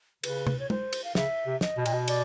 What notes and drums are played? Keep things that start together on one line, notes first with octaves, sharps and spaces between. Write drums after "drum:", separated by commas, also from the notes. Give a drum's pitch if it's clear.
C#3 B4, drum: cymbal
drum: tom
C#5
C5, drum: tom
drum: cymbal
F5
C#3 E5, drum: snare
C3
D#5, drum: snare
B2
A#2, drum: cymbal
B2
D5, drum: cymbal